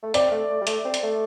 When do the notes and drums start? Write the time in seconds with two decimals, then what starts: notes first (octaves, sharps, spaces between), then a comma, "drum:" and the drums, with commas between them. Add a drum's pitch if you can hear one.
0.03 A3
0.14 C4 D5, drum: hi-hat
0.31 A3
0.49 A3
0.61 G3
0.67 A3, drum: hi-hat
0.85 C4
0.94 drum: hi-hat
1.03 A3